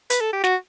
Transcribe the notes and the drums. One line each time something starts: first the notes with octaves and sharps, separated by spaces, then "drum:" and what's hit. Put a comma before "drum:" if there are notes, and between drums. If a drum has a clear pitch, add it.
B4, drum: hi-hat
A4
G4
F#4, drum: snare